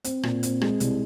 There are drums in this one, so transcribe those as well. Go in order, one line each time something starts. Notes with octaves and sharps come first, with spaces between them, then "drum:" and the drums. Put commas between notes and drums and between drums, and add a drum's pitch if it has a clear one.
C4, drum: hi-hat
A#2, drum: rim click
C4, drum: hi-hat
G#3, drum: rim click
C2, drum: hi-hat